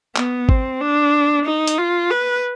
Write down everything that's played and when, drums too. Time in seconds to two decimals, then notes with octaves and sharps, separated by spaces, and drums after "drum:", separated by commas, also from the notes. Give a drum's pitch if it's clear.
0.16 B3, drum: clap
0.49 C4, drum: kick G#1
0.81 D4
1.46 D#4
1.67 drum: hi-hat
1.78 F4
2.10 B4